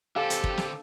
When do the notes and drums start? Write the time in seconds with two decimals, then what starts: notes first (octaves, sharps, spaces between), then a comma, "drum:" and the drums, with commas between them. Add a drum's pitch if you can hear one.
0.16 D3 C4 G4 A4 F5 G#5
0.30 drum: hi-hat
0.44 drum: kick
0.57 drum: snare